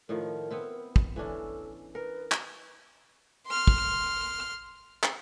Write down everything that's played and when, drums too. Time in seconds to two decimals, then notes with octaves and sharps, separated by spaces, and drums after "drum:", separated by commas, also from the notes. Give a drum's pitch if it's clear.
0.09 A2 D#3 F3 A#4
0.50 B3 C4 E4
0.96 drum: kick
1.16 E3 C#4 D4 A4
1.95 A#4 B4
2.32 drum: clap
3.47 C6 F6
3.67 drum: kick
5.03 drum: clap